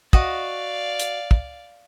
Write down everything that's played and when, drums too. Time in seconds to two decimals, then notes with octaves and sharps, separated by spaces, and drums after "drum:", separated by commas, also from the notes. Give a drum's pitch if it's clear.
0.13 F#4 D5 D#5 F5, drum: kick
0.99 drum: hi-hat
1.31 drum: kick